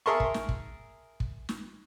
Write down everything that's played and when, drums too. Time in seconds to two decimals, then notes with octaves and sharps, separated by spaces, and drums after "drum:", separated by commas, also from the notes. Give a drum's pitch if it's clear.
0.06 G#4 A#4 E5 A5 C6 C#6
0.20 drum: kick
0.34 drum: snare
0.49 drum: kick
1.20 drum: kick
1.49 drum: snare